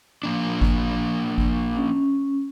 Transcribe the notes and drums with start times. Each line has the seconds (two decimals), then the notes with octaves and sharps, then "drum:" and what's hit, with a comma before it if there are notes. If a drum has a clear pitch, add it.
0.23 F3 A#3 D4
0.61 drum: kick G#1
1.38 drum: kick G#1
1.76 C#4